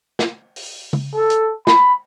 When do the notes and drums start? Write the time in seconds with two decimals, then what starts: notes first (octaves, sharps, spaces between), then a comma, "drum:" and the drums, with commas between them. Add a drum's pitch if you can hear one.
0.19 drum: snare
0.56 drum: open hi-hat
0.93 drum: tom
1.15 A4
1.30 drum: hi-hat
1.67 B5, drum: snare